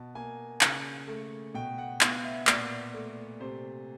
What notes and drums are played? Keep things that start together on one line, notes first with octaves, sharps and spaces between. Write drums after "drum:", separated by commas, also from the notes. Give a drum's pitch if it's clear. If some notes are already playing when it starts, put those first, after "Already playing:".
Already playing: B2 A5
A#3 G#5
C#3, drum: clap
A3
B2 G5
F#5
B3 F5, drum: clap
E5
A#2 D5, drum: clap
A3
C3 C5